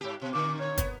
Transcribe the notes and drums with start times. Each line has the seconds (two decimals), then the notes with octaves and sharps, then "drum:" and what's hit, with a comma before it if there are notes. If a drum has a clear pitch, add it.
0.01 G#2 G4
0.21 B2
0.33 A#2 D3 D6
0.59 C#5
0.78 B3, drum: kick, hi-hat